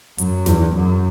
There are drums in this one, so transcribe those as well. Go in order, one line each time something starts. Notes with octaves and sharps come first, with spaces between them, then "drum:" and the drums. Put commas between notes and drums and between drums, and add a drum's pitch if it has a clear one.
F#2, drum: hi-hat
E2, drum: snare
F#2